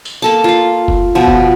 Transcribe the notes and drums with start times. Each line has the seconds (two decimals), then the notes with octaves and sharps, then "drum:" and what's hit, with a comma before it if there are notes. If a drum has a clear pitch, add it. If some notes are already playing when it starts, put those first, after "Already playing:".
0.05 drum: tambourine
0.22 A#3 A4 A5
0.44 F4 F5
0.88 drum: kick F1
1.15 B2 F3
1.28 drum: kick F1